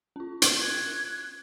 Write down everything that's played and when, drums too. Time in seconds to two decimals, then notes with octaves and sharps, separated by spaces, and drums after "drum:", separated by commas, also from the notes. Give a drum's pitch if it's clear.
0.16 C#4 F4
0.42 drum: hi-hat
0.60 F#6 G#6